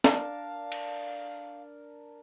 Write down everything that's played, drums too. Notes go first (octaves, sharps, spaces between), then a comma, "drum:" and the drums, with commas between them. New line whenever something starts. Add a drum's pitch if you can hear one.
D4 A#4 F5 A5, drum: snare
drum: cymbal